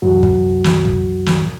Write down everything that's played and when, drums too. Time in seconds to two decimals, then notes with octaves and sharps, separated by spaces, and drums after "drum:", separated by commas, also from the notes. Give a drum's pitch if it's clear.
0.02 C2 F#2 E3 F#3 F#4
0.23 drum: kick
0.64 drum: snare
0.85 drum: kick
1.26 drum: snare